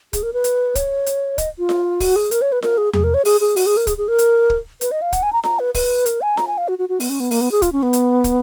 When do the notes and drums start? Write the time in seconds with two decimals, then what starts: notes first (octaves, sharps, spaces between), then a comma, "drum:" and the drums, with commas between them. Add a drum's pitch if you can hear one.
0.13 G#4, drum: kick, hi-hat
0.23 A#4
0.33 B4
0.44 drum: hi-hat
0.75 C#5, drum: kick, hi-hat
1.06 drum: hi-hat
1.38 D#5, drum: kick, hi-hat
1.59 F4
1.69 drum: snare F4
2.00 F#4, drum: kick, open hi-hat
2.16 G#4
2.31 A#4, drum: hi-hat
2.42 C#5
2.52 B4
2.62 A#4, drum: snare F4
2.78 G#4
2.93 G#4, drum: tom E2
3.04 A#4
3.14 C#5
3.25 G#4, drum: open hi-hat
3.41 G#4
3.56 F#4, drum: open hi-hat
3.66 G#4
3.77 A#4
3.87 G#4, drum: kick, hi-hat
3.98 G#4
4.08 A#4
4.18 drum: hi-hat
4.50 drum: kick
4.81 B4, drum: hi-hat
4.91 D#5
5.02 F5
5.13 F#5, drum: kick, hi-hat
5.23 G#5
5.33 A#5
5.44 A#5, drum: snare F4
5.59 B4
5.74 B4, drum: kick, open hi-hat
6.06 A#4, drum: hi-hat
6.22 G#5
6.37 A#5, drum: snare F4
6.47 G#5
6.58 F5
6.68 F#4
6.79 F#4
6.89 F#4
7.00 B3, drum: open hi-hat
7.10 C#4
7.20 B3
7.31 A#3, drum: open hi-hat
7.41 B3
7.52 G#4
7.62 F4, drum: kick, hi-hat
7.72 C#4
7.83 B3
7.93 drum: hi-hat
8.24 drum: kick, hi-hat